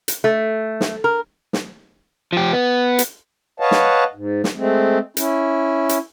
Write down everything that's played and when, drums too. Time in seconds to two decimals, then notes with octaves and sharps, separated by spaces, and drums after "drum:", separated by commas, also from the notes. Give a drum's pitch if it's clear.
0.08 drum: hi-hat
0.24 A3
0.81 drum: snare
1.04 A#4
1.53 drum: snare
2.33 F3 G4
2.53 B3
2.99 drum: hi-hat
3.60 B4 C#5 D#5 F5 F#5 A5
3.71 drum: snare
4.15 G#2
4.44 drum: snare
4.57 G#3 A3 C4
5.17 C#4 E4, drum: hi-hat
5.89 drum: hi-hat